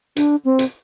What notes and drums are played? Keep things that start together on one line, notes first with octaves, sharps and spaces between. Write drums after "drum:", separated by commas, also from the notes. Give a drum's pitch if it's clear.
D4, drum: hi-hat
C4
drum: hi-hat